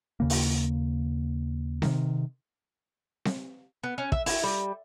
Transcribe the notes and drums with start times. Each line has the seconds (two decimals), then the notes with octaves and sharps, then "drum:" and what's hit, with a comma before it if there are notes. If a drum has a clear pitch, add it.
0.20 D#2 C#3 A#3
0.30 drum: open hi-hat
1.82 C3 D#3, drum: snare C4
3.25 drum: snare C4
3.83 B3
3.98 C#4
4.12 E5, drum: kick
4.26 E4, drum: open hi-hat
4.43 G3